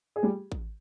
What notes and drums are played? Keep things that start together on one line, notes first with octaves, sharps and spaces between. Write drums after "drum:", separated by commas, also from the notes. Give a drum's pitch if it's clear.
G#4
G3 G4
drum: kick A1